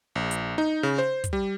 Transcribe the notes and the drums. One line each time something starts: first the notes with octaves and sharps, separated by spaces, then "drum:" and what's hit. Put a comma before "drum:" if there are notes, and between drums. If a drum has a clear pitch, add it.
A#1
drum: hi-hat
D#4
C#3
C5
drum: kick, hi-hat
G3